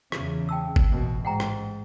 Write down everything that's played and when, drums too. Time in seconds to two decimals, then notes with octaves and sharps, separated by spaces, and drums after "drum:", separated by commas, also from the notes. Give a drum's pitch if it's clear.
0.12 E2 C#3, drum: rim click
0.49 G5 A5 E6
0.76 drum: kick G1
0.91 A1 B2
1.25 G#2 F#5 G5 A#5
1.40 drum: rim click